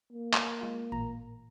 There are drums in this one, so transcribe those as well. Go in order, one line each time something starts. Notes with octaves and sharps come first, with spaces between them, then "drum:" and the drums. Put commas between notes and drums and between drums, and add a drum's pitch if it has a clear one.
A#3
drum: clap
G#3 F4
A1 A#2 A#5